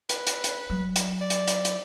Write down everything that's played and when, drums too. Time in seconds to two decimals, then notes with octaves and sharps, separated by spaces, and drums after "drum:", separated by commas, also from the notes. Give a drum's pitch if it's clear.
0.09 B4, drum: hi-hat
0.27 drum: hi-hat
0.44 drum: hi-hat
0.70 F#3
0.96 drum: hi-hat
1.21 D5
1.30 drum: hi-hat
1.47 drum: hi-hat
1.65 drum: hi-hat